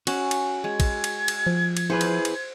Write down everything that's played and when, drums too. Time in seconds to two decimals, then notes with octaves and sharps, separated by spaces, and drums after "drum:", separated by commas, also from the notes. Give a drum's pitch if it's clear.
0.07 C#4 F#4, drum: cymbal
0.31 drum: cymbal
0.64 G#3 G#6
0.80 drum: kick, cymbal
1.04 drum: cymbal
1.28 drum: cymbal
1.47 F3
1.77 drum: cymbal
1.90 E4 G#4 B4 C5
2.01 drum: cymbal
2.25 drum: cymbal